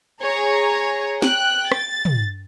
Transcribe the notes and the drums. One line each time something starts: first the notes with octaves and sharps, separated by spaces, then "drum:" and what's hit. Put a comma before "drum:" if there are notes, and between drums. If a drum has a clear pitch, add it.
G#4 C#5 A#5
G5 F#6, drum: snare
A6, drum: rim click
drum: tom